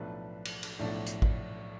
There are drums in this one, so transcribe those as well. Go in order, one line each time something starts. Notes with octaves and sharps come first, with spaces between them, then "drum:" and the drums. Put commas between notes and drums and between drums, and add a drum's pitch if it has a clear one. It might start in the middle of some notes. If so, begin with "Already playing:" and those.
Already playing: B1 A2 F3 A3 D4 B4
drum: cymbal
drum: cymbal
B1 A2 F3 A3 D4 D5
drum: hi-hat
drum: kick G#1